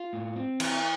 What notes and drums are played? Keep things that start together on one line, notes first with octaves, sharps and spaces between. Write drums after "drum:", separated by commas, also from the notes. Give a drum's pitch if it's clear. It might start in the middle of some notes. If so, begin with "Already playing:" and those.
Already playing: F4
A2
C4
E3, drum: cymbal